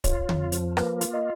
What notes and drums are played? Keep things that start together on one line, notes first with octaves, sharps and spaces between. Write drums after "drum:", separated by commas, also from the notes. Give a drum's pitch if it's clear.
F4 C#5, drum: kick, hi-hat
F2, drum: tom D3
F3, drum: hi-hat
A#3 B4, drum: rim click
F4, drum: hi-hat
D#5